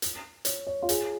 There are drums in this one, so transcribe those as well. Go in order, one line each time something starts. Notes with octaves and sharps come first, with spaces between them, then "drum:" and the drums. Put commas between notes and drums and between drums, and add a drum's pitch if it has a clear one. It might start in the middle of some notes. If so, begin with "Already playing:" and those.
drum: hi-hat
C#5, drum: hi-hat
C#5
F4
G#4, drum: hi-hat